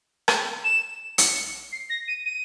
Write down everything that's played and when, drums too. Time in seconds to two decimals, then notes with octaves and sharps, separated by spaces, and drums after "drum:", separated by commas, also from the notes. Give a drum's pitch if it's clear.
0.28 drum: rim click
0.64 E7
1.18 C#7, drum: hi-hat
1.72 C7
1.90 A#6
2.08 D#7
2.26 D#7